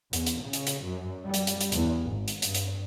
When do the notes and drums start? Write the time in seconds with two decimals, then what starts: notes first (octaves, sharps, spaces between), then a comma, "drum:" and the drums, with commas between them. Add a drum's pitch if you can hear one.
0.13 E2, drum: hi-hat
0.26 drum: hi-hat
0.43 C#3
0.53 drum: hi-hat
0.67 drum: hi-hat
0.86 F#2
1.25 G3
1.34 drum: hi-hat
1.47 drum: hi-hat
1.61 drum: hi-hat
1.72 E2, drum: hi-hat
2.10 G#1
2.28 drum: hi-hat
2.42 G2, drum: hi-hat
2.54 drum: hi-hat